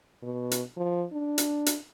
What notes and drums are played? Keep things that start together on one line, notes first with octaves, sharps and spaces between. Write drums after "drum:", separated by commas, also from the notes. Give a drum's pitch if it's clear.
B2
drum: hi-hat
F3
D4
drum: hi-hat
drum: hi-hat